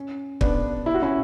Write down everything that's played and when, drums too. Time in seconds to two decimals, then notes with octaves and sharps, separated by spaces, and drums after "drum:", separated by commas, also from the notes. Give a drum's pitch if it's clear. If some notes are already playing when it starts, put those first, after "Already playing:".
Already playing: C#4
0.41 B3 D4, drum: kick
0.86 E4
0.94 F#4
1.02 C#4 E4